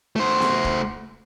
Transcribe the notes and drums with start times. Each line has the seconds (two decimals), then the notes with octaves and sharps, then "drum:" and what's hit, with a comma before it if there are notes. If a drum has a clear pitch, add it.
0.16 A3 C5
0.40 drum: snare B3
0.65 drum: kick